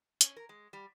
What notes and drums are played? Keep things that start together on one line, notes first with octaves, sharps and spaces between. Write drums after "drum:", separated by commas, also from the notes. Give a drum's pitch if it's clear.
C#4, drum: hi-hat
A#4
G#3
G3